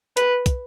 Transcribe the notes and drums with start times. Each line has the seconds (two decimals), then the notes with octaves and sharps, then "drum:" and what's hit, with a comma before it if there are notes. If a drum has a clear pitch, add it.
0.17 B4, drum: hi-hat
0.46 drum: kick, hi-hat